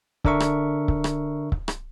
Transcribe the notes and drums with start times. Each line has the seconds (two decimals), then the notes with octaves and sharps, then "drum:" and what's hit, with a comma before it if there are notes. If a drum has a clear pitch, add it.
0.25 D3 D4 A#4 E5 C#6, drum: kick C#1
0.40 drum: rim click
0.88 drum: kick C#1
1.04 drum: rim click
1.52 drum: kick C#1
1.68 drum: rim click